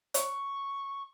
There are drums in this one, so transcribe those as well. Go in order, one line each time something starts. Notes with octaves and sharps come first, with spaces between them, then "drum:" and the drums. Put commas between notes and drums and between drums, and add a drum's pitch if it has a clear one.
C#6, drum: hi-hat